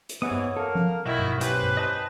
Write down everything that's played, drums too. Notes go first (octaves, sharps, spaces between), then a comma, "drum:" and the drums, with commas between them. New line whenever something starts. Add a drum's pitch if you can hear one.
drum: hi-hat
G#2 C3 E3 B3 C#5 F#5 D#6
drum: tom G2
A#3 A4 A#4
drum: tom F3
B1 D#3 E4 F#4
drum: tom G2
C#4 G4 B4 C5, drum: hi-hat
drum: tom G2
D#5 A5 F#6